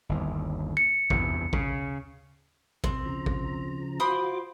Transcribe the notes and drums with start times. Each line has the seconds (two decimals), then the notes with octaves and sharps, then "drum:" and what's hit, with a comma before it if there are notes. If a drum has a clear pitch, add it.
0.09 G1 D#2
0.77 C#7
1.10 E2 G2 C3, drum: kick
1.53 C#3, drum: kick
2.84 C4, drum: kick
3.05 C#3 F3 A#5
3.26 drum: kick
4.00 F4 F#4 C5 B5 D6 D#6